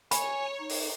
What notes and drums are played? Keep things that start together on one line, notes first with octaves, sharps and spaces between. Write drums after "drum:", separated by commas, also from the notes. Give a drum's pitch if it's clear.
C#5 G#5 B5, drum: hi-hat
D#4
drum: open hi-hat